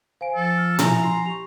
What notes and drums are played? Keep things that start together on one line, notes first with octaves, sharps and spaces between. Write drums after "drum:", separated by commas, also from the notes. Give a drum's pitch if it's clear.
C5 F5 G#5 D7
F3 A4
E6 F6
E4 E5 G#5 A#5, drum: tom A#2
B5 C6 C7
G4 C#6 F7